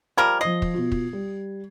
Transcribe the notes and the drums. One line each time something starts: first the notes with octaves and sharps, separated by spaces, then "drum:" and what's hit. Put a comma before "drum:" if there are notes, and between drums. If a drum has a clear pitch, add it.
F3 G3 A#4 G#6
F3 C5 D#5 C7
drum: kick
B2 F4
drum: kick
G3